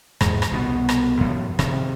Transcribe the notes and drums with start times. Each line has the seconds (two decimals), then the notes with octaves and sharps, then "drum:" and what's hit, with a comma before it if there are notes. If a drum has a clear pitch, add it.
0.21 E2 G#2, drum: rim click
0.42 drum: rim click
0.51 C2 B2 B3
0.89 drum: rim click
1.20 F#2 A2 F3
1.59 C3 D#3, drum: rim click